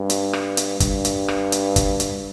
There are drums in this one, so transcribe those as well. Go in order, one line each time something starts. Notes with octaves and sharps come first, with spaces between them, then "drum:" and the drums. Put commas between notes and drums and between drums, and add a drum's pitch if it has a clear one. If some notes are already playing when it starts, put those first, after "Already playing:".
Already playing: G2
drum: hi-hat
drum: rim click
drum: hi-hat
G2, drum: kick, hi-hat
drum: hi-hat
drum: rim click
drum: hi-hat
drum: kick, hi-hat
drum: hi-hat